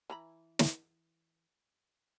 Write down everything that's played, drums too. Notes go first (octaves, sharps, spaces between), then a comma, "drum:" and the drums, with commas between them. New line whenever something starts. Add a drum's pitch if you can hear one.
E3 A#5 B5
drum: snare